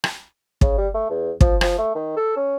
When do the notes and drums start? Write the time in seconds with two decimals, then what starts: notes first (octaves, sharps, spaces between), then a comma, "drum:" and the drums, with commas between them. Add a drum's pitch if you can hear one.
0.04 drum: rim click
0.61 C#3, drum: kick
0.78 G3
0.94 A3
1.10 E2
1.41 F3, drum: kick
1.61 F3, drum: rim click
1.78 A3
1.95 D#3
2.16 A4
2.36 C#4